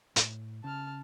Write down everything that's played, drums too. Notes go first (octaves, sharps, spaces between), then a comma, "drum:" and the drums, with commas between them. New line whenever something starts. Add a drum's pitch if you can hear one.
A2, drum: hi-hat
C#3 A5 F6